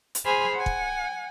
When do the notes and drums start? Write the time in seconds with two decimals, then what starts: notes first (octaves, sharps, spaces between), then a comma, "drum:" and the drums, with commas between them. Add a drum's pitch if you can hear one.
0.15 drum: hi-hat
0.25 G#4 C5 G#5 B5 F6
0.55 F#5 G#5
0.66 drum: kick